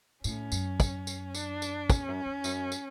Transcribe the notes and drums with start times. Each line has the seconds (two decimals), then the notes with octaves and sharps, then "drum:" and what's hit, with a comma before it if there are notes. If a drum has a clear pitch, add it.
0.24 A2 C#4, drum: tambourine
0.52 F#2, drum: tambourine
0.80 drum: kick, tambourine
1.07 drum: tambourine
1.35 D4, drum: tambourine
1.62 drum: tambourine
1.90 E2 C#4, drum: kick, tambourine
2.08 F#2
2.25 E2
2.44 F#2, drum: tambourine
2.72 drum: tambourine